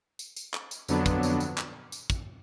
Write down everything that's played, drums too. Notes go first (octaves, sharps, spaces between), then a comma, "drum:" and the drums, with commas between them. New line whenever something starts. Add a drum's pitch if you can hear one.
drum: tambourine
drum: tambourine
drum: clap
drum: tambourine
F2 D3 F#3 B3 D4, drum: tambourine
drum: kick, tambourine
drum: tambourine
drum: tambourine
drum: clap
drum: tambourine
drum: kick, tambourine